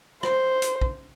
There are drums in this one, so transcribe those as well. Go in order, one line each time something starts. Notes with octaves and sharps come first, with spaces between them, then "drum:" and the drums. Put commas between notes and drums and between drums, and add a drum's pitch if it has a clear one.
C5, drum: rim click
drum: hi-hat
drum: kick